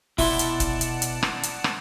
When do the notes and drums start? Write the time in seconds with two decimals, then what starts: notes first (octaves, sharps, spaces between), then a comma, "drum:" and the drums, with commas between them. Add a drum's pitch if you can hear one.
0.18 B2 E4 D5 F#5 A5 C6, drum: kick F1, open hi-hat
0.39 drum: hi-hat
0.60 drum: kick F1, hi-hat
0.81 drum: hi-hat
1.02 drum: hi-hat
1.23 drum: rim click
1.43 drum: hi-hat
1.64 drum: rim click